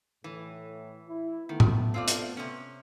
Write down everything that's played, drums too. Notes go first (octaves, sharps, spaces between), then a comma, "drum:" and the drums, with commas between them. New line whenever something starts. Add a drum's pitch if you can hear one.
A2 E3
E4
D#3 A3 B3
drum: tom A2
C4 F4 D5
drum: hi-hat
C3 C#4